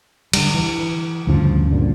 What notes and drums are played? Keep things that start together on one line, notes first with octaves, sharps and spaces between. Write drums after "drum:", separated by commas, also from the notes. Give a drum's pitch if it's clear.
D3 G3, drum: cymbal
E3
D2 G2 C#3 F3
G#1 G2 A#2 D3